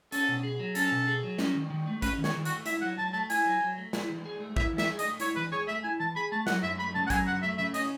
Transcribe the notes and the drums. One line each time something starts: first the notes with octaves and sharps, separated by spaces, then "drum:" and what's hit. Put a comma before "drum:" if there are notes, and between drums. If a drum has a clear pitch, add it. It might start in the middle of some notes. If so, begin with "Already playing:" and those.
C#4 A4, drum: hi-hat
B2
G#4
F#3
C#4 A4, drum: hi-hat
B2
G#4
F#3
C#4, drum: snare
D#3
D#3
A3
C#4 B4, drum: kick, hi-hat
D#3
C#5, drum: snare
D#3
F#4, drum: hi-hat
A3
E4 E5, drum: hi-hat
F#3 F#5
F#3 A5
A3 A5
E4 G#5, drum: hi-hat
F#3
F#3
A3
E4, drum: snare
E3
G#4
A3
E4 E5, drum: kick
E3
E5, drum: snare
G#4
D#5, drum: hi-hat
A3
E4 C#5, drum: hi-hat
E3 B4
G#4 C#5
A3 E5
E4 G#5
E3 A5
G#4 B5
A3 A5
F#3 F#5, drum: snare
F#2 E5
A3 B5
C#3 A5
F#5
F#3 G#5, drum: kick, hi-hat
F#2 F#5
A3 E5
C#3 E5
C#4 D#5, drum: hi-hat